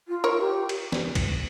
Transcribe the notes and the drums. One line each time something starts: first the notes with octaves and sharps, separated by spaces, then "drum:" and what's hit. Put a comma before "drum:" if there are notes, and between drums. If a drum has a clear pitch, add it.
F4
A#4 C#5
G4
drum: cymbal
drum: snare
drum: kick, cymbal